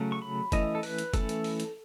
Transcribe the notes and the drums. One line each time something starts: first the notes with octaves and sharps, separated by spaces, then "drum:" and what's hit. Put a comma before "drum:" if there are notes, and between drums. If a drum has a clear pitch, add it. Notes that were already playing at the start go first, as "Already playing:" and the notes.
Already playing: C#3 F#3 A3 C#4
C#6
B5
E3 A3 C#4 E4 D#5, drum: kick F#1, hi-hat
A4
B4, drum: open hi-hat
drum: hi-hat
E3 A3 C#4 E4 A4, drum: kick F#1, hi-hat
drum: hi-hat
drum: open hi-hat
drum: hi-hat